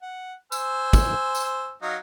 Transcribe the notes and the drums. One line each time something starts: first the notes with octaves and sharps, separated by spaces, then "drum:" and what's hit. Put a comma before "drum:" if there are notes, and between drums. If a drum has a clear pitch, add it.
F#5
C5 G#5 E6, drum: tambourine
drum: kick, tambourine
drum: tambourine
F#3 D#4 F5